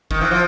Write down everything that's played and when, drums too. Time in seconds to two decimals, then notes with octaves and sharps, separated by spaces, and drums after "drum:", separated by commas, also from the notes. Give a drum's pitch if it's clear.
0.11 D#3, drum: kick G1
0.21 E3
0.31 F3